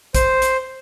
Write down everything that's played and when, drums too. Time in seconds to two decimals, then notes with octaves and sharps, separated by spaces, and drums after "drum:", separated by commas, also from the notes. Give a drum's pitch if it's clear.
0.15 C5, drum: kick A#1, hi-hat
0.42 drum: hi-hat